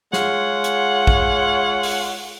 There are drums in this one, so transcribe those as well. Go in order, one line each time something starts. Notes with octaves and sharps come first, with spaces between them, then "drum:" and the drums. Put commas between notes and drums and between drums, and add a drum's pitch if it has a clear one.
G#3 F4 C#5 F#5, drum: snare
drum: hi-hat
drum: kick
drum: open hi-hat